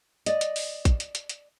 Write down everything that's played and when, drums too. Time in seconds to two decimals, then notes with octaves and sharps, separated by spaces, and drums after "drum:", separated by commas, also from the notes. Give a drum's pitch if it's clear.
0.26 D5 D#5, drum: hi-hat
0.41 drum: hi-hat
0.56 drum: open hi-hat
0.85 drum: kick, hi-hat
1.00 drum: hi-hat
1.15 drum: hi-hat
1.29 drum: hi-hat